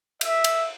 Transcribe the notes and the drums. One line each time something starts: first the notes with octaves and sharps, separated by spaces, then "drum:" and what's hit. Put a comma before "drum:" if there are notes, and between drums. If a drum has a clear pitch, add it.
E5, drum: cymbal
drum: cymbal